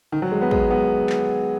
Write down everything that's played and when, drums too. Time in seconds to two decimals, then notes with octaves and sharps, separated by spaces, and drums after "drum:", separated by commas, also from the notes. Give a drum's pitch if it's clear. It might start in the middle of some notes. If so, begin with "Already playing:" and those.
0.12 D#3
0.22 F#3
0.32 G#3
0.41 B3
0.51 G#3, drum: kick
0.70 B3
1.09 drum: clap